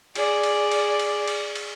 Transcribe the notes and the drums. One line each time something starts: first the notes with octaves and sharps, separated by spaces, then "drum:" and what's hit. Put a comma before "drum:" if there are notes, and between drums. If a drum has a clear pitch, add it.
G#4 D5, drum: cymbal
drum: cymbal
drum: cymbal
drum: cymbal
drum: cymbal
drum: cymbal